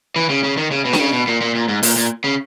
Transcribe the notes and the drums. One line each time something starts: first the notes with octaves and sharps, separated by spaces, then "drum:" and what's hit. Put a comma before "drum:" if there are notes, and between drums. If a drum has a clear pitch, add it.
E3
C#3
C#3
D#3
C#3
B2
D#3, drum: snare D4
C#3
B2
A#2
A#2
A#2
G#2
A#2, drum: open hi-hat
A#2
C#3